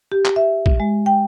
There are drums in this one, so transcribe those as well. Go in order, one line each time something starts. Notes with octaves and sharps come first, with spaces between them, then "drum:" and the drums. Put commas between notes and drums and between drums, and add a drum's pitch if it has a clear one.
G4
drum: clap
E5
drum: kick A#1
G#3
G5